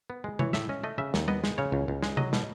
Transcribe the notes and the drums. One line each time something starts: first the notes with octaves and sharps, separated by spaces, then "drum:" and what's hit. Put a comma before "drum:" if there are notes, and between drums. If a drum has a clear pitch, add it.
B3
G#3
E3 C#5, drum: tom C3
A2 E5, drum: snare
C#4 D#5
A3 D#5
C#3 E5
D#2, drum: snare
B3 D#5, drum: tom G3
G#3, drum: snare
C#3 C#5
C#2
C#2
G#3, drum: snare
F#3 D#5, drum: tom C3
B2, drum: snare